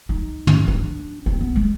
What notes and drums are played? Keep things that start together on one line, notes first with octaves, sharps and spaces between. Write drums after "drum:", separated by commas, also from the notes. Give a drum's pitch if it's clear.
D#4
drum: tom G#2
D4
C4
B3
G#3